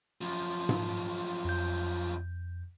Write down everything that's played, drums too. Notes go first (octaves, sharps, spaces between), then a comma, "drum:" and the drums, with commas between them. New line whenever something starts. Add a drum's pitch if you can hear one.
F#2 F3
drum: tom G#2
F2 G6